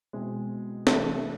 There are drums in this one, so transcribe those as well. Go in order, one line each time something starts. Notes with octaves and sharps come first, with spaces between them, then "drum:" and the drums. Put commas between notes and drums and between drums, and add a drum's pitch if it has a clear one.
B2 G#3 C4 E4
C3 E3 A3 D4, drum: snare